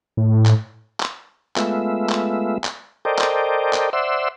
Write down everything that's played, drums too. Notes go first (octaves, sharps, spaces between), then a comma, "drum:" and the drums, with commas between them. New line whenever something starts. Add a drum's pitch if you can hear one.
A2
drum: clap
drum: clap
G#3 A3 B3 F4 E5, drum: clap
drum: clap
drum: clap
A4 A#4 C5 D5 D#5 G5
drum: clap
drum: clap
C5 D5 E5 F#5 C6 E6